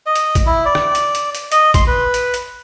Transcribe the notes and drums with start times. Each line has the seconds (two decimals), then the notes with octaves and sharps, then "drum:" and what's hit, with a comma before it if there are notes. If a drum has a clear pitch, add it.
0.06 D#5
0.16 drum: hi-hat
0.35 drum: kick, hi-hat
0.46 E4
0.65 D5
0.75 drum: rim click
0.95 drum: hi-hat
1.15 drum: hi-hat
1.35 drum: hi-hat
1.52 D#5, drum: hi-hat
1.74 C6, drum: kick, hi-hat
1.87 B4
2.14 drum: hi-hat
2.34 drum: hi-hat